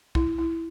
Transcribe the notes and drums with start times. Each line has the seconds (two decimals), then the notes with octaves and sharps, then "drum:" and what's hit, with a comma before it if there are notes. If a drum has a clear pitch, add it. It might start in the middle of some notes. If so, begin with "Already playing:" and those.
0.15 E4, drum: kick
0.38 E4